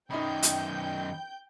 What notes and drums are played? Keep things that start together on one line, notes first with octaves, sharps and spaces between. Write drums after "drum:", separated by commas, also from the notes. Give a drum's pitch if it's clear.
F#2 D#3 D#4 G5 B5 G6
drum: hi-hat